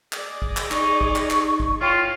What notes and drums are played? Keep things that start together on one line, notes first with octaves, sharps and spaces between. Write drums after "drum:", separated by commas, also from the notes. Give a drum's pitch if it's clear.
G#4 D5 D#5, drum: clap
drum: kick G#1
drum: clap
D#4 C#6, drum: clap
drum: kick G#1
drum: clap
drum: clap
drum: kick G#1
F4 C#5 G5